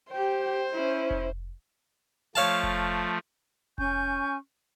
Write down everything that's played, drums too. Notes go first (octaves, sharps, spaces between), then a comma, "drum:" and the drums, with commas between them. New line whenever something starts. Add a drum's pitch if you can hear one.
G4 C5 G5
C#4 E4
drum: kick F1
F3 A3 C#5 F5 A5
drum: kick F1
C#4 G#5 C#6 G6, drum: kick F1